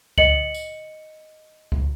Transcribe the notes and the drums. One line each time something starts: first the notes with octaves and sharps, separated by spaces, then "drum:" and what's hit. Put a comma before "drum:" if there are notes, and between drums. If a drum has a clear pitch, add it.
D#5 C#7 F#7, drum: kick C#2
drum: tambourine
drum: kick C#2